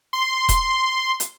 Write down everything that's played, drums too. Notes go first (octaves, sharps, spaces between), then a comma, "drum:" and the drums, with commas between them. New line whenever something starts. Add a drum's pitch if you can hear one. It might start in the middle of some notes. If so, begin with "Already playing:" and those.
C6
drum: kick E1, hi-hat
drum: hi-hat